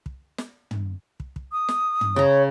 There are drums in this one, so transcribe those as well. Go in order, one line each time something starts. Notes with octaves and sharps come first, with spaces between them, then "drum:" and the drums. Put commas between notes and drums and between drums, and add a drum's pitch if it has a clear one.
drum: kick
drum: snare
drum: tom
drum: kick
drum: kick
D#6
drum: snare
drum: tom
C#3 C#5 A#5